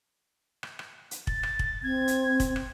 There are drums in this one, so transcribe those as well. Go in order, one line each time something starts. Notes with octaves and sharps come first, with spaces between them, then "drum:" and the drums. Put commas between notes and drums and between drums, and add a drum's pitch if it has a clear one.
drum: rim click
drum: rim click
drum: hi-hat
A6, drum: kick
drum: rim click
drum: kick
C4 G#6
drum: hi-hat
drum: kick, hi-hat
drum: rim click